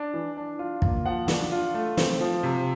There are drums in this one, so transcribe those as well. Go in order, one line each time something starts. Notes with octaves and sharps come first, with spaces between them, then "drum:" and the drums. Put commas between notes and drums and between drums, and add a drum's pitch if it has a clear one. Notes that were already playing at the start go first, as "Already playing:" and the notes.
Already playing: D4
E3
D4
F4
A#3, drum: kick
F3 F#5
D4, drum: snare
F4
A3
C4, drum: snare
F3
C3